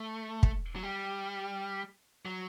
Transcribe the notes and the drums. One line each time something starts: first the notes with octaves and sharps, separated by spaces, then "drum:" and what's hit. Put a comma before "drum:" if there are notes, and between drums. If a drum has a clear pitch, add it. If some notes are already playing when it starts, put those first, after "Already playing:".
Already playing: A3
drum: kick
F#3
G3
F#3